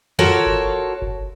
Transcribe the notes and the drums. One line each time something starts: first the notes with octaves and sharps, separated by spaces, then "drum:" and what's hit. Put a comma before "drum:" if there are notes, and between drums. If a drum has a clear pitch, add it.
F4 F#4 A4 A#4 C#5
drum: kick F#1
drum: kick F#1